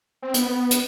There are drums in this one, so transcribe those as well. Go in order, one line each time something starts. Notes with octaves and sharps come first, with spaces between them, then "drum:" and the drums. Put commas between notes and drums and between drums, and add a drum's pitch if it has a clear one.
C4
B3, drum: hi-hat
drum: hi-hat